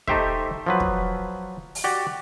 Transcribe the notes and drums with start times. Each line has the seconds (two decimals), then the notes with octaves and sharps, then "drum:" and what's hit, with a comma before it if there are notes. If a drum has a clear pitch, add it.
0.08 A3 D#4 G4 C5 E5, drum: kick
0.66 F3 F#3 B4
0.80 drum: kick
1.75 drum: open hi-hat
1.84 F#4 G4 D5 G5